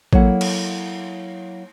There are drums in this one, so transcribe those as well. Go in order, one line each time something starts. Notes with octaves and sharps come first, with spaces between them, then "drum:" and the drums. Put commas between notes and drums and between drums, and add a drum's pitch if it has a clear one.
F#3 A#3 E4 A4 F#5, drum: kick A1
drum: cymbal